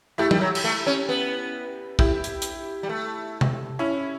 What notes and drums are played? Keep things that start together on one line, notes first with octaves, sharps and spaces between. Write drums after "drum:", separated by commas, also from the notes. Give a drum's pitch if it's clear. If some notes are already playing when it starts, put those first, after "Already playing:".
A3 E4 G4
G3, drum: tom F#3
F#3
drum: cymbal
A3
C#4
B3
E4 G4, drum: kick A#1
drum: hi-hat
drum: hi-hat
G3
A3
drum: tom C3
C#4 E4